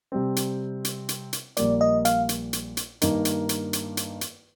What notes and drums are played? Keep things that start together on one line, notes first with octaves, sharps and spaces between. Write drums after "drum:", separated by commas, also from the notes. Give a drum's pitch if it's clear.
C3 G3 C4
drum: hi-hat
drum: hi-hat
drum: hi-hat
drum: hi-hat
A#1 A#2 G3 A#3 D5, drum: hi-hat
D#5
F5, drum: hi-hat
drum: hi-hat
drum: hi-hat
drum: hi-hat
G2 D#3 A#3 D#4, drum: hi-hat
drum: hi-hat
drum: hi-hat
drum: hi-hat
drum: hi-hat
drum: hi-hat